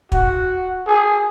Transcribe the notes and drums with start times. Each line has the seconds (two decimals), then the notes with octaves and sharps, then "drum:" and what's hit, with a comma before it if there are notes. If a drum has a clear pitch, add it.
0.12 F#4, drum: kick
0.87 G#4